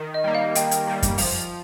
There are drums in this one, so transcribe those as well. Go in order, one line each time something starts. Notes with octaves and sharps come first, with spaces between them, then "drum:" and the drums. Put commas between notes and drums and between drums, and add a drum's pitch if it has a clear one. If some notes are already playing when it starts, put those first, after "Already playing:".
Already playing: D#3
D#5
G3 A#3
F5
D#3 G5, drum: hi-hat
drum: hi-hat
G3 A#3
drum: kick F#2, hi-hat
F3, drum: open hi-hat